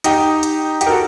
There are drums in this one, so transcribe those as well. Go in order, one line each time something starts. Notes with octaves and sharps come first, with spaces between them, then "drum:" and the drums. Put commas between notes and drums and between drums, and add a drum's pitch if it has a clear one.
D#4 G4, drum: hi-hat
drum: hi-hat
D#4 G4, drum: hi-hat
A#4
F#4 A4